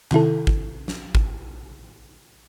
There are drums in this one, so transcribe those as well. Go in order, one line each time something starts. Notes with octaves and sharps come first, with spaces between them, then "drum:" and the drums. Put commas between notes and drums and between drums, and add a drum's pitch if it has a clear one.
C3 D#3 E4 A4, drum: clap
drum: kick G#1
drum: snare
drum: kick G#1